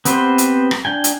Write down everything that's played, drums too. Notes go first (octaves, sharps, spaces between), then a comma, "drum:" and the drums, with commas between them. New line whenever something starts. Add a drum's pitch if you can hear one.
B3 C4 G4 B4 C5, drum: hi-hat
drum: hi-hat
drum: rim click
D4 G5 G#5
drum: hi-hat